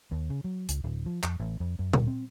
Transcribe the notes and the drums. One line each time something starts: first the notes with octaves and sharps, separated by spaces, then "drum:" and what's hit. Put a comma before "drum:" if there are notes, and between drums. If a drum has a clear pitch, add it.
D#2
C#3
F#3
C#2, drum: hi-hat
D1
F3
F2, drum: clap
A1
F2
F#2
D1, drum: tom A#2
C4